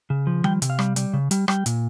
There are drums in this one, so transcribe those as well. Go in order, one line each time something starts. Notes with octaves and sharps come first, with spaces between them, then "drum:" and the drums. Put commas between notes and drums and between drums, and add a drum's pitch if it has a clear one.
C#3
F3
G3 G5, drum: tom D#3
C3, drum: hi-hat
F5
G3, drum: rim click
G3, drum: hi-hat
C#3
G3, drum: hi-hat
G3 G5, drum: rim click
A#2, drum: hi-hat